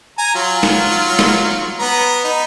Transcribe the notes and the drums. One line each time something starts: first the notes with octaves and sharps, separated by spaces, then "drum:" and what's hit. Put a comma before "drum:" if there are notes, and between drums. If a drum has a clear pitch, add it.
G#5 A#5
F#3 F4
drum: snare
drum: snare
B3 A#5
D#4